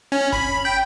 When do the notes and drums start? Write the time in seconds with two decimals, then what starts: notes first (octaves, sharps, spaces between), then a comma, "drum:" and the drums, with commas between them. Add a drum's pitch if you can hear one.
0.12 C#4
0.32 B5, drum: kick G1
0.65 G5